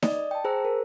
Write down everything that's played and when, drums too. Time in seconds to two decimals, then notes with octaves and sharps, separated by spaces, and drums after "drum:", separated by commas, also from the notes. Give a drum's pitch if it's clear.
0.02 D5 D#5 D#6, drum: snare D#4
0.31 G5 A5
0.45 G#4 C5 A#5 E6
0.65 A#4